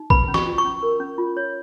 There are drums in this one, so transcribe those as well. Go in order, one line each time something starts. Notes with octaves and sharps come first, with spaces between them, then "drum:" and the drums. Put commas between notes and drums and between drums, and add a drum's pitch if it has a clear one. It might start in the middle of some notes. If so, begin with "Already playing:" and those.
Already playing: D#4
B4 B5, drum: kick
C#4
C#6, drum: snare
F4
C#6
C#4
A#4
C#4
F4
C#5